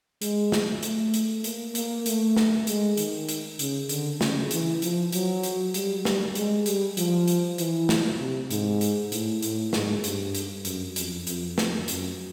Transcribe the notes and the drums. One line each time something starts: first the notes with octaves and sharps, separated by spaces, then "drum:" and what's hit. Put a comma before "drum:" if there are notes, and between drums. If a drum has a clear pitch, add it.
G#3, drum: hi-hat
drum: snare
A3, drum: hi-hat
drum: hi-hat
A#3, drum: hi-hat
A#3, drum: hi-hat
A3, drum: hi-hat
drum: snare
G#3, drum: hi-hat
D#3, drum: hi-hat
drum: hi-hat
C#3, drum: hi-hat
D3, drum: hi-hat
C#3, drum: snare
E3, drum: hi-hat
F3, drum: hi-hat
F#3, drum: hi-hat
drum: hi-hat
G3, drum: hi-hat
G3, drum: snare
G#3, drum: hi-hat
G3, drum: hi-hat
F3, drum: hi-hat
drum: hi-hat
E3, drum: hi-hat
drum: snare
C3
G#2, drum: hi-hat
drum: hi-hat
A2, drum: hi-hat
A2, drum: hi-hat
G#2, drum: snare
G2, drum: hi-hat
drum: hi-hat
F#2, drum: hi-hat
F2, drum: hi-hat
F2, drum: hi-hat
F2, drum: snare
F#2, drum: hi-hat